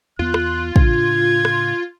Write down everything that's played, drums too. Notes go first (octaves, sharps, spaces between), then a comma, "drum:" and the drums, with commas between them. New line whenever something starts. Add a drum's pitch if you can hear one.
E2 B3 F4 F#6
drum: rim click
A2 C#3 D4 G#6, drum: kick
drum: rim click